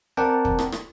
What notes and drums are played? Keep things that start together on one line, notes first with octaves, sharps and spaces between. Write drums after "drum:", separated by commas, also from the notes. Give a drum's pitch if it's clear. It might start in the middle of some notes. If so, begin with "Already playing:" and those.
C4 A#4 D5 F#5 G5 A5
drum: kick
drum: rim click
drum: rim click